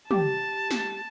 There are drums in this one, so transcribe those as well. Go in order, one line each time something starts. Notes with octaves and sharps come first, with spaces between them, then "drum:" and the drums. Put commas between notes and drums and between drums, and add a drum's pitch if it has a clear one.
G4 A5, drum: tom
drum: snare